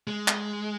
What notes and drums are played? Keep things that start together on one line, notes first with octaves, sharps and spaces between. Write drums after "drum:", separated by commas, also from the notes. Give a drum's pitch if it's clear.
G#3
drum: clap